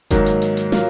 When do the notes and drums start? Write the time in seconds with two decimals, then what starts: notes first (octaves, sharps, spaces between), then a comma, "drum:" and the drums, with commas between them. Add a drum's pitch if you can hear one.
0.11 G#2 D#3 F#3 A#3, drum: kick F#1, hi-hat
0.26 drum: hi-hat
0.42 drum: hi-hat
0.57 drum: hi-hat
0.72 F#3 A#3 F4, drum: snare